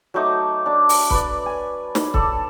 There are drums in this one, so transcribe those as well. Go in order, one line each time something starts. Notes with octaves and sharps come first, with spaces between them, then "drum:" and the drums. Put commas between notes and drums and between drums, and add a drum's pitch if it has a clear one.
F#3 A3 D#4 D6
D4 D6
drum: open hi-hat
B4 D5, drum: kick C#1
G#5
drum: snare
A4 D5, drum: kick C#1